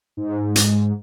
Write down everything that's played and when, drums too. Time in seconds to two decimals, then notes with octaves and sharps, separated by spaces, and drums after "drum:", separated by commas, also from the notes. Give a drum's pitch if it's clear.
0.17 G#2
0.56 drum: hi-hat